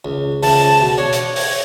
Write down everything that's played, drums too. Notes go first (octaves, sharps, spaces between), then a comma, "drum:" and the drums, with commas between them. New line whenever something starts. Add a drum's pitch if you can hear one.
C#2
C#2 A5, drum: open hi-hat
B2
D4 C#5
drum: hi-hat
drum: open hi-hat